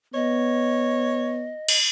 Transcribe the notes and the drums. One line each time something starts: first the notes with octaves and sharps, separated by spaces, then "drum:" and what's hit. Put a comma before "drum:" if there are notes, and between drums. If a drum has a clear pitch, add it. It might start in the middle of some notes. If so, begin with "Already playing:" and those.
B3 C#5 D#5
drum: cymbal